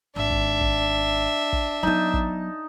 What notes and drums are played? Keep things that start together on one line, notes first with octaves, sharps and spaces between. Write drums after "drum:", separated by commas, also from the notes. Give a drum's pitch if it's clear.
G#1 D4 E5
drum: kick
drum: kick
drum: kick
F#3 B3 D#4 A5
drum: kick